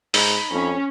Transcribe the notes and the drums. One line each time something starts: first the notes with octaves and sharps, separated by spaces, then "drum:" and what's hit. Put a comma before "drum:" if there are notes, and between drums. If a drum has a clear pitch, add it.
G#2 D#4 B5, drum: open hi-hat
F2 C#4